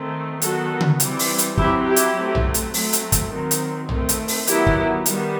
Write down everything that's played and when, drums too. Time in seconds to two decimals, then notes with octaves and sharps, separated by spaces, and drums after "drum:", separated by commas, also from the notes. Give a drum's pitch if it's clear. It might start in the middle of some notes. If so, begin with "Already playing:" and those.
Already playing: D#3 A3 C4
0.42 D#3 F#3 B3 F#4 A4, drum: hi-hat
0.81 drum: tom C#3
1.00 E3 G3 C4, drum: hi-hat
1.19 drum: open hi-hat
1.38 drum: hi-hat
1.57 F#3 C4 E4 G4, drum: kick
1.86 E4 G4
1.96 drum: hi-hat
2.16 F#3 A3 C4
2.35 drum: tom A#1
2.54 drum: hi-hat
2.74 F#3 A3 C4, drum: open hi-hat
2.93 drum: hi-hat
3.12 drum: kick, hi-hat
3.32 D#3 F#3 C4
3.51 drum: hi-hat
3.89 D#3 A3 C4, drum: tom A#1
4.09 drum: hi-hat
4.28 drum: open hi-hat
4.47 D#3 F#3 B3 E4 G4, drum: hi-hat
4.67 drum: kick
5.06 D#3 G3 B3, drum: hi-hat